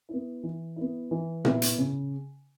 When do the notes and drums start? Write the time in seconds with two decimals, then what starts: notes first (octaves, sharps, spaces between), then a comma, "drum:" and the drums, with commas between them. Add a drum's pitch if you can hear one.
0.09 B3 E4
0.43 E3
0.76 B3 E4
1.11 E3
1.45 B3 E4, drum: tom A#2
1.62 drum: hi-hat
1.78 C#3